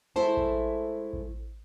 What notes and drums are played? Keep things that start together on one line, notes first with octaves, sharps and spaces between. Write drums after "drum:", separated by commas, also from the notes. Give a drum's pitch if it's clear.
G#3 A3 E4 A4 C5 A5
drum: kick A1
drum: kick A1